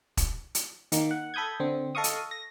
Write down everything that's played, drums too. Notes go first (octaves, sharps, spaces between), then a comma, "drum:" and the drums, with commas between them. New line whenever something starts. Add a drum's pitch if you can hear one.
drum: kick E1, hi-hat
drum: hi-hat
D#3 A#3, drum: hi-hat
F#5
A4 B5 D#6 G6 G#6
D3 C4
A4 D#5 F5 C#6 D#6
drum: hi-hat
A#6